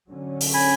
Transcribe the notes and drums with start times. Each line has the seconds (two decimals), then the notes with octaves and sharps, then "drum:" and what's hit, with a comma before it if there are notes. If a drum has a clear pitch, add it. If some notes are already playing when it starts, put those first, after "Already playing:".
0.11 D3 F#3 C#4
0.41 drum: open hi-hat
0.54 G#5 B5